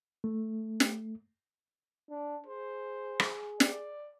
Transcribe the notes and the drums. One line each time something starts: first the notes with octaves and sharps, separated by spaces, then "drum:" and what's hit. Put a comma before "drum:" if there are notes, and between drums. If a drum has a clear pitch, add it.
A3
drum: snare
D4
G#4 C5
drum: rim click
D5, drum: snare